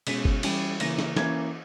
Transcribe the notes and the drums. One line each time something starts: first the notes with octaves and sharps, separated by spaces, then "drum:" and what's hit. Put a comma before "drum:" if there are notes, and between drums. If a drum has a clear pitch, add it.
B2 G#3 C#4 B6, drum: cymbal
drum: kick G1
E3 G3 C#4, drum: cymbal
C#3 E3 A#3 C#4 A#6, drum: cymbal
drum: snare
E3 A#3 C#4 G#6, drum: snare